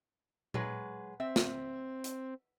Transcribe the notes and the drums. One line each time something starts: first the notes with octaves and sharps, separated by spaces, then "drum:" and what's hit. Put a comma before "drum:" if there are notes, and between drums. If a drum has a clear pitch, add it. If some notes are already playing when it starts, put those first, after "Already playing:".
F#3 G#3 B4, drum: tom A#2
C4 E5
drum: snare
drum: hi-hat